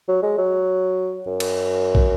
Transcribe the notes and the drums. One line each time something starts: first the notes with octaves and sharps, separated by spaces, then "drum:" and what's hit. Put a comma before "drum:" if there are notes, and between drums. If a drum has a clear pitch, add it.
F#3
G#3
F#3
F#2
drum: cymbal
drum: kick